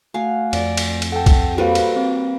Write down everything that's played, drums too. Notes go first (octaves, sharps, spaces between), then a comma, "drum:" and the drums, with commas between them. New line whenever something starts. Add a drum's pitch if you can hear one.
A3 F#4 F5 G#5
F2 D5, drum: cymbal
drum: cymbal
drum: cymbal
A4 F#5 G5
drum: kick B1, cymbal
G3 A#3 F#4 A4 B4 C5 F5
drum: cymbal
C4